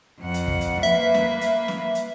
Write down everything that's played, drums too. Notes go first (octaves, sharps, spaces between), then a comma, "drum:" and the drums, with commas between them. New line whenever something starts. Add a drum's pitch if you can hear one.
F2 F#5
drum: hi-hat
drum: kick
drum: hi-hat
A#3 B4 E5
drum: snare
drum: hi-hat
drum: snare
drum: hi-hat